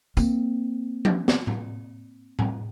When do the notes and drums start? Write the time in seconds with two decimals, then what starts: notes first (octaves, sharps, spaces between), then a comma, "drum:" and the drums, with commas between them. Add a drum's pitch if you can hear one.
0.17 A#3 C4, drum: tambourine
1.05 drum: tom F3
1.28 drum: snare
1.47 drum: tom A2
2.39 drum: tom A2